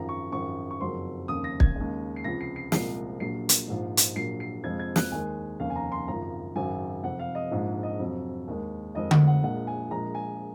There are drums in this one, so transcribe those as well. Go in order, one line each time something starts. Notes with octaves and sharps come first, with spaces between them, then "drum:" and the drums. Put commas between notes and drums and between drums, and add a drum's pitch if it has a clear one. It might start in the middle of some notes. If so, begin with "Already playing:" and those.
Already playing: G#1 F#2 F3 A#5
C#6
G#1 F#2 F3 C#6
C#6
F#1 F2 D#3 F#3 C6
F1 D#2 C#3 D#6
A#6
G#6, drum: kick
D#2 C#3 G#3
C7
C#2 C3 F3 A#6
C7
C7
C2 A#2 F3 G#3 C7, drum: snare
A#1 A#2 F#3 C7
drum: hi-hat
A#1 G#2 F3
drum: hi-hat
A#1 A#2 F#3 C7
C7
F2 C3 F3 G#3 G#6
G#6
F#6, drum: snare
D#2 D#3 G#3 G#5
F1 D#2 C#3 F5
G#5
A#5
C6
G#1 F#2 C#3 F3 A#5
G#1 F#2 C#3 F#3 G#5
F1 F2 C3 F#5
F5
D#5
A#1 G#2 F3 G#3
D#5
F2 C3 F#3
D#2 D#3 G#3
F2 D#3 G#3 D#5
F#5, drum: tom D3
F#5
A#1 A#2 G#3 F#5
G#5
A#1 A#2 F3 G#3 A#5
G#5